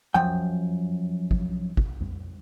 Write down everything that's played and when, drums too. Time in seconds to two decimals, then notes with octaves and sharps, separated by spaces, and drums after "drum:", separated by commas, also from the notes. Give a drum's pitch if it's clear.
0.14 F#2 F3 G5, drum: tom F2
1.31 drum: kick
1.77 drum: kick
2.01 drum: tom F2